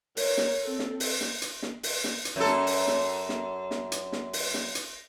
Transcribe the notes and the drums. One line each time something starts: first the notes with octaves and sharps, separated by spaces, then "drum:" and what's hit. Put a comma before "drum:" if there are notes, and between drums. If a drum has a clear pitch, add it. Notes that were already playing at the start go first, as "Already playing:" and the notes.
A#4 C#5, drum: open hi-hat
drum: snare
C4 A4
drum: snare
drum: open hi-hat
drum: snare
drum: hi-hat
drum: snare
drum: open hi-hat
drum: snare
drum: hi-hat
F#2 A4
drum: snare
drum: open hi-hat
drum: snare
drum: snare
drum: snare
drum: hi-hat
drum: snare
drum: open hi-hat
drum: snare
drum: hi-hat